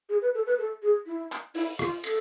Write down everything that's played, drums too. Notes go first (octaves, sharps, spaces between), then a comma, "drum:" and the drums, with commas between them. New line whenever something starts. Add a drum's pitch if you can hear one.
G#4
B4
A4
B4
A4
G#4
E4
drum: clap
E4, drum: open hi-hat
F4, drum: rim click
A4, drum: cymbal